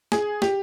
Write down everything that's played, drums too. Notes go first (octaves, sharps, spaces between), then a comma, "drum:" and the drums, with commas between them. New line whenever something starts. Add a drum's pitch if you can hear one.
G#4, drum: snare
G4, drum: snare